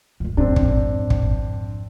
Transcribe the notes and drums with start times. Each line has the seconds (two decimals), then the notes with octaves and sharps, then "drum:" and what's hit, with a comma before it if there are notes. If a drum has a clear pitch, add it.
0.20 D1 F2
0.37 F2 G#2 C4 D4
0.56 drum: kick
1.10 drum: kick